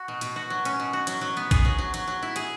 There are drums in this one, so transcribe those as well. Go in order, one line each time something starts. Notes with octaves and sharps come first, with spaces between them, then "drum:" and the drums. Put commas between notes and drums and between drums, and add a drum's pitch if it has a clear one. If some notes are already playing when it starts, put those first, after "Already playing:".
Already playing: F#4
B2
B2, drum: hi-hat
F#4
F#3
C#4, drum: hi-hat
B2
F#4
F#3, drum: hi-hat
F#3
B3
G#4, drum: kick A1, hi-hat
F#3
F#3
F#3, drum: hi-hat
F#3
E4
G#4, drum: hi-hat